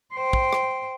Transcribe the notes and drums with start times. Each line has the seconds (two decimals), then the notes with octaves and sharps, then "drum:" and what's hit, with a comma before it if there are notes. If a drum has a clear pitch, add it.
0.14 C5 G5
0.33 drum: kick
0.53 drum: rim click